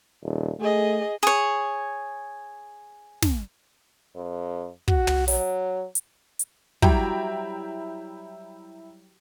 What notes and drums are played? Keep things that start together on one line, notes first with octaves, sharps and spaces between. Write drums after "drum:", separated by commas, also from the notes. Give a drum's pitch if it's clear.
D#1
A3 G#4 D#5
G#4 C#5
drum: snare
F2
F#4, drum: kick
drum: tom
F#3, drum: open hi-hat
drum: hi-hat
drum: hi-hat
F#3 G3 E4 G5 A#5, drum: kick